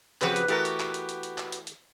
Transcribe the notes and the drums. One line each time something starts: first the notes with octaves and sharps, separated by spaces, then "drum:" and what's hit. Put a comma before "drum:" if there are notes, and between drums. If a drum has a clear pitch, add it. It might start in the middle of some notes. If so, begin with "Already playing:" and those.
C#3 F3 C4 F#4 G4 B4, drum: clap
drum: hi-hat
E3 A3 B3 F#4 G4 A#4, drum: hi-hat
drum: hi-hat
drum: clap
drum: hi-hat
drum: hi-hat
drum: hi-hat
drum: clap
drum: hi-hat
drum: hi-hat